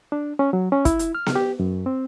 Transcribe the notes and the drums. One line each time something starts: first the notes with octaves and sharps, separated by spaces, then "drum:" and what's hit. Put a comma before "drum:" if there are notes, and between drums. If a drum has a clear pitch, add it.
D4
C#4
F#3
C#4
E4, drum: kick, hi-hat
drum: hi-hat
F6
drum: snare B3
G4
F#2
C4